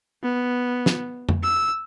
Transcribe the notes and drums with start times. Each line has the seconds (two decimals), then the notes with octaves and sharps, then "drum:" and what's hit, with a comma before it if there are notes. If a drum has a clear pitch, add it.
0.23 B3
0.86 drum: snare
1.29 drum: tom F2
1.43 E6